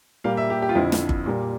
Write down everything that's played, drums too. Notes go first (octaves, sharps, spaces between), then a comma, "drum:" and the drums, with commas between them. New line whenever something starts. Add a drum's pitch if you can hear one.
A#2 G3 A#3 F5
E5
G4
G4
F4
F2 D3 F3 E4
drum: snare
drum: kick G1
A#2 G3 A#3